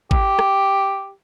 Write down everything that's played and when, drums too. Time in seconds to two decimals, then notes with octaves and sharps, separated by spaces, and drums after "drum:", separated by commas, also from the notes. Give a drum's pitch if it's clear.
0.11 G4, drum: kick G#1
0.39 drum: rim click